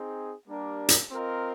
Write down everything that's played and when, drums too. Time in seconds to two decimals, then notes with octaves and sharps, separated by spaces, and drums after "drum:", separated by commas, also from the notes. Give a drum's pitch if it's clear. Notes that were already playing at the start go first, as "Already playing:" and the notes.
Already playing: C4 D#4 G#4
0.47 G3 A#3 D4 G4 A#4
0.89 drum: hi-hat
1.11 C4 F4 A#4 D#5